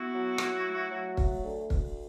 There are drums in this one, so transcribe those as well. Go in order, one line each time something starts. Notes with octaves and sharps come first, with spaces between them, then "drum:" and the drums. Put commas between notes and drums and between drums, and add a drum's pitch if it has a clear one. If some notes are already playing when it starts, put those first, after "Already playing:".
Already playing: B3 E4 F#4
F#3
F#3, drum: rim click
A3
F#3
A3, drum: kick
D2
D2, drum: kick